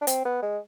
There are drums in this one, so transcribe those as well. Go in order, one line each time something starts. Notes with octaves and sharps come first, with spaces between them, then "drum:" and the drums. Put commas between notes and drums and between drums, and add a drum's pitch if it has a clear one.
D4
C4, drum: hi-hat
B3
G#3